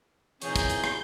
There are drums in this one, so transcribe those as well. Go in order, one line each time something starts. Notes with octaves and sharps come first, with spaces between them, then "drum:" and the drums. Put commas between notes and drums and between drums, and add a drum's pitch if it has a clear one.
A#2 E3 A#3 C4 D#4 G#4 C#5 G6, drum: hi-hat
drum: kick, hi-hat
drum: hi-hat
drum: rim click